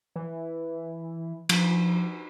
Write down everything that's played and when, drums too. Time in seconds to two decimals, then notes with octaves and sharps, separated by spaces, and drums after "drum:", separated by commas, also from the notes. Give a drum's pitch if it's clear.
0.16 E3
1.49 F3, drum: cymbal